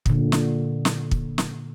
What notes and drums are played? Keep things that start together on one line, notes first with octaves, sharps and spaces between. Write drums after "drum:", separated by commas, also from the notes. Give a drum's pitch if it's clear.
A#2 D3, drum: kick
drum: snare
drum: snare
drum: kick
drum: snare